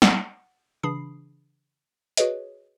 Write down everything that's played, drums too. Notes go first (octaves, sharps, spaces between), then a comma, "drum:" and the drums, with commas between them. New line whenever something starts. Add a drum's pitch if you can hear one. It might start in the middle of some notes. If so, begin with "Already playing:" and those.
F#5, drum: snare
C#3 E3 D4 B5 D#6 C7
F#4 G#4 B4 C#5 D#5, drum: hi-hat